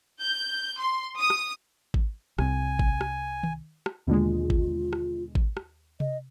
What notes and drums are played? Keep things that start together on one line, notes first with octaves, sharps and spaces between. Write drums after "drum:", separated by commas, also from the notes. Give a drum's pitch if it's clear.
G6
C6
D#6
drum: rim click
drum: kick G#1
C2 C3 G#5, drum: rim click
drum: kick G#1
drum: rim click
drum: tom D#3
drum: rim click
D#2 B2 D3 G#3 A#3 F4
drum: kick G#1
drum: rim click
drum: kick G#1
drum: rim click
D#5, drum: tom C3